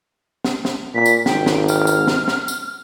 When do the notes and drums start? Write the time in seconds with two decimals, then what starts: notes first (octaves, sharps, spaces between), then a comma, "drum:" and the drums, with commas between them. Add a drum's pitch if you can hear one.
0.44 drum: snare
0.65 drum: snare
0.94 A#2 B6
1.06 drum: tambourine
1.26 G#1 G5, drum: snare
1.46 drum: snare
1.68 F6, drum: tambourine
1.87 drum: tambourine
2.07 drum: snare
2.28 drum: snare
2.48 drum: tambourine